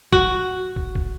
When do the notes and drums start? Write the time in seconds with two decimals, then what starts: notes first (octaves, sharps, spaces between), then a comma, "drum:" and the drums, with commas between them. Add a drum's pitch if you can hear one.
0.12 F#4, drum: kick
0.76 drum: kick
0.95 drum: kick